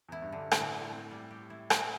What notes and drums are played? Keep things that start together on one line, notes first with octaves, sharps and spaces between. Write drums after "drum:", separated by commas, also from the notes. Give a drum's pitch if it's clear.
E2 E4
G2
D3
G2
A2 D3, drum: rim click
D3
A2
C4
G3
G4
E4
G3, drum: rim click